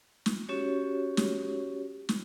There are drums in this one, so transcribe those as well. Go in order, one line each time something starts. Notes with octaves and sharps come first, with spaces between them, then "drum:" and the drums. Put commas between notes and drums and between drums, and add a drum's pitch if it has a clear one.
drum: snare
C#4 F#4 G4 C#5
drum: snare
drum: snare